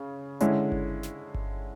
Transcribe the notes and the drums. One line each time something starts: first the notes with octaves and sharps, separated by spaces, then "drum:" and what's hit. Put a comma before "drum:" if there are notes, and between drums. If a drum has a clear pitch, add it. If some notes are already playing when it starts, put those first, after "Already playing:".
Already playing: C#3
D3 G#3 C#4 E4, drum: hi-hat
drum: kick G1
drum: snare
drum: kick G1